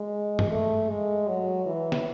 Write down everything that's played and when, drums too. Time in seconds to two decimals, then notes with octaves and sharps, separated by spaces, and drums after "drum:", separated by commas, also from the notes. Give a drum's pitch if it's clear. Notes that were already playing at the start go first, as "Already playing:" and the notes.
Already playing: G#3
0.39 drum: tom G2
0.51 A3
0.89 G#3
1.28 F#3
1.66 E3
1.92 drum: snare